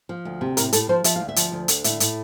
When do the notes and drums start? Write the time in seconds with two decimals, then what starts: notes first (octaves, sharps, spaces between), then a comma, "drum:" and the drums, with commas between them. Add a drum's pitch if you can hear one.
0.09 F3
0.25 D2
0.41 C3
0.57 A2 A#4, drum: hi-hat
0.73 A2 A4, drum: hi-hat
0.89 F3 C5
1.04 F3 E5, drum: hi-hat
1.16 D2 F5
1.29 E5
1.36 F3, drum: hi-hat
1.52 D2
1.68 D3, drum: hi-hat
1.84 A2 E5, drum: hi-hat
2.00 A2, drum: hi-hat